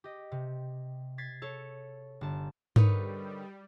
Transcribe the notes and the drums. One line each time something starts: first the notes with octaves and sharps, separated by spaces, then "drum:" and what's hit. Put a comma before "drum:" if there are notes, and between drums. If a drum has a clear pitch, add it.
G4 D#5
C3
G#6 A6 B6 C7
A4 C#5
G1 A5
D3 G3 D#4 A#4 B4 C#5, drum: tom G#2